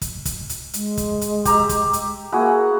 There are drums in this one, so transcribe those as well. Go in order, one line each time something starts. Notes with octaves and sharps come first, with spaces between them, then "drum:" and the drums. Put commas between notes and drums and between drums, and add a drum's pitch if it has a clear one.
drum: kick, hi-hat
drum: kick, hi-hat
drum: hi-hat
G#3, drum: hi-hat
drum: kick, hi-hat
drum: hi-hat
G4 A#5 E6, drum: kick, hi-hat
drum: kick, hi-hat
drum: hi-hat
A#3 E4 F#4 G#4